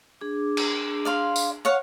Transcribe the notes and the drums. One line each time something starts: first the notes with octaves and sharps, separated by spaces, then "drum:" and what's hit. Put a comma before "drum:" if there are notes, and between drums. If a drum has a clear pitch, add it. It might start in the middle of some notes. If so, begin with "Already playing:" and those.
D4 G#4 D6
drum: cymbal
D5 F5 C6
drum: tambourine
C#5 F5 F#5